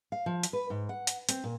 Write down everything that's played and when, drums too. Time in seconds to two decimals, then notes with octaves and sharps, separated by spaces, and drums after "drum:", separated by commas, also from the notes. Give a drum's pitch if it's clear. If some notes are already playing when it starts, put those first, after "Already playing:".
0.12 F5
0.26 F3
0.43 drum: hi-hat
0.53 B4
0.70 G#2
0.89 F#5
1.07 drum: hi-hat
1.29 C4, drum: hi-hat
1.44 A#2